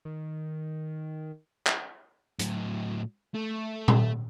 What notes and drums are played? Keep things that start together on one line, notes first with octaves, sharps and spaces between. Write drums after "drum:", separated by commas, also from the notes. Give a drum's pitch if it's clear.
D#3
drum: clap
A2 F#3, drum: hi-hat
A3
drum: tom A#2